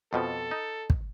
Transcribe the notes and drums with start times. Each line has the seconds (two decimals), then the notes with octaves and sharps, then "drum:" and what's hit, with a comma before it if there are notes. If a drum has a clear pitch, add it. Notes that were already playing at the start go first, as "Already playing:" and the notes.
0.13 F2 B2 F3 A4
0.51 D#4
0.90 drum: kick